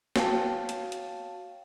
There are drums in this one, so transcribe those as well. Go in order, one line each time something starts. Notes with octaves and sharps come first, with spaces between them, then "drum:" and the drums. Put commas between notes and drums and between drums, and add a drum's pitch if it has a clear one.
F#4 C#5 F5 G5 A5, drum: snare
drum: hi-hat
drum: hi-hat